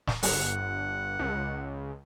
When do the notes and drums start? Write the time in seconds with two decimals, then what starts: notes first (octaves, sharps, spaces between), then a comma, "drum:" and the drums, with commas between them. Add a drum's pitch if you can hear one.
0.07 drum: snare
0.23 G1 F#5, drum: open hi-hat
1.19 C#2